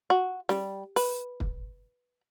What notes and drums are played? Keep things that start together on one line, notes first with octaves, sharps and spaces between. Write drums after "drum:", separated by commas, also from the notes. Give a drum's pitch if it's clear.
F#4
G3, drum: snare
B4, drum: open hi-hat
drum: kick